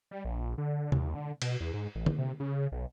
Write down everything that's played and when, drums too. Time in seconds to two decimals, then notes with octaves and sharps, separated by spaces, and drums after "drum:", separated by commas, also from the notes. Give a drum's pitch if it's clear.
0.11 G3
0.25 A#1
0.58 D3
0.92 D#2, drum: tom
1.15 D3
1.42 B2, drum: cymbal
1.60 E2
1.74 G#2
1.95 A1
2.06 drum: tom D3
2.18 C3
2.40 C#3
2.72 B1